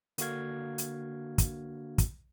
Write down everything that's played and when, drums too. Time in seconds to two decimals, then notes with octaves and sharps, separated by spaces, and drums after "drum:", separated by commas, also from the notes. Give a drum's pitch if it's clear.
0.18 D3 A#3 D4 F#4 F5 G#6, drum: hi-hat
0.78 drum: hi-hat
1.38 drum: kick, hi-hat
1.98 drum: kick, hi-hat